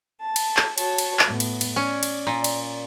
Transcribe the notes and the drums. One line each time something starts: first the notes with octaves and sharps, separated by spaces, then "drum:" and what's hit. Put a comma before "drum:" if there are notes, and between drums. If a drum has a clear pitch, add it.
A5
drum: cymbal
drum: clap
F#4 C#5 A5, drum: cymbal
drum: cymbal
drum: clap
A2 B3
drum: cymbal
drum: cymbal
C#4 D5
drum: cymbal
A#2
drum: cymbal